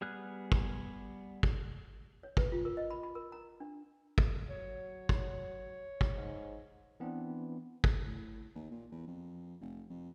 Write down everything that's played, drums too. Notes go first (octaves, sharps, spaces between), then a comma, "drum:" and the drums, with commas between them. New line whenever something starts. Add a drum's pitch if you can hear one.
G3 B3 G#4 F6 F#6
drum: kick
drum: kick
C#5
B4, drum: kick
F4
A#4
D#5
B5
B5
A#4
A#5
D4
drum: kick
F#3 C#5
drum: kick
drum: kick
G#2
E3 B3 C4 D4
drum: kick
A2
D#2
A#2
E2
F2
F1
F2